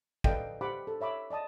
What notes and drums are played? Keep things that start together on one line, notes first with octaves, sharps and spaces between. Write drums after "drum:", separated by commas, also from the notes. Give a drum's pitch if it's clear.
A4 B4 D5 D#5 F5 G5, drum: kick
G4 C5 F#5 B5 D6
A4
C#5 E5 B5 D6
D5 D#5 A5 D#6